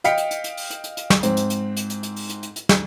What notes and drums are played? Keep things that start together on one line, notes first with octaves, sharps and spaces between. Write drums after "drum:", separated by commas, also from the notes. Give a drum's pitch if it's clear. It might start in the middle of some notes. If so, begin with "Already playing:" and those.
D#5 F5 G5 B6 C#7, drum: hi-hat
drum: hi-hat
drum: hi-hat
drum: hi-hat
drum: open hi-hat
drum: hi-hat
drum: hi-hat
drum: hi-hat
drum: snare
G#2 C4, drum: hi-hat
drum: hi-hat
drum: hi-hat
drum: hi-hat
drum: hi-hat
drum: hi-hat
drum: open hi-hat
drum: hi-hat
drum: hi-hat
drum: hi-hat
drum: snare